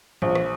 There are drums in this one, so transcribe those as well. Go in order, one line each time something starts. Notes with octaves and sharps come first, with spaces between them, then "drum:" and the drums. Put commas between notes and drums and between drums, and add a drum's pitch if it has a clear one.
A#1, drum: tom E3
drum: rim click